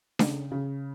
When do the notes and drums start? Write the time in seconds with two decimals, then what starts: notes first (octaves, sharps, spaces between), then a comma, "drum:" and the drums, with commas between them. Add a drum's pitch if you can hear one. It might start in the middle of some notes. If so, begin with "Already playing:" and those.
0.19 C#3, drum: snare D4
0.52 C#3